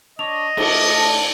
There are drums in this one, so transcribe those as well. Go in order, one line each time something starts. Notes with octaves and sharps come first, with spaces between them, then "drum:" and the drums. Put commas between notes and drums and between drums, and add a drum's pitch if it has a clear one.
D4 C#5 D#5 F7
A3 D4, drum: cymbal
D5 A5